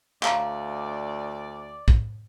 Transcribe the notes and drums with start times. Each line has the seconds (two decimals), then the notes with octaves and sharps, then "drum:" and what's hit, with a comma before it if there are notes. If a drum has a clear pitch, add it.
0.23 D2 D5 F5 A#5, drum: clap
1.88 drum: kick